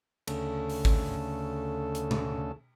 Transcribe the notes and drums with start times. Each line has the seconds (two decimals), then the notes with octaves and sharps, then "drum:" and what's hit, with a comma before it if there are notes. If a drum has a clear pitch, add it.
0.27 D2 C#3 A4, drum: cymbal
0.69 drum: open hi-hat
0.85 drum: kick G#1
1.95 drum: hi-hat
2.11 drum: tom B2